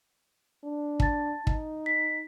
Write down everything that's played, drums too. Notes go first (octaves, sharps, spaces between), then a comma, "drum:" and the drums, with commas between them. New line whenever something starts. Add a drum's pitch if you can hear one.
D4
A5 A6, drum: kick
D#4, drum: kick
B6